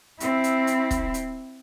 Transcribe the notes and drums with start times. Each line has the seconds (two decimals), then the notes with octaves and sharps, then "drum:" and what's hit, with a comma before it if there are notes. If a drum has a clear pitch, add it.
0.20 C4 E4, drum: hi-hat
0.44 drum: hi-hat
0.67 drum: hi-hat
0.91 drum: kick, hi-hat
1.14 drum: hi-hat